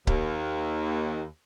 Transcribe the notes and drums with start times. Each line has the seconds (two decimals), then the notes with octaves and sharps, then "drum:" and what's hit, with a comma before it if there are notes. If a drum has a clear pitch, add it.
0.07 D#2, drum: kick C#1